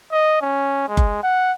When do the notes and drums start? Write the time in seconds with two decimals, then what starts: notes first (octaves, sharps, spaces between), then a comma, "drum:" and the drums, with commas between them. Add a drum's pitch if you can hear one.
0.12 D#5
0.42 C#4
0.88 G#3
0.97 drum: kick F#1
1.23 F#5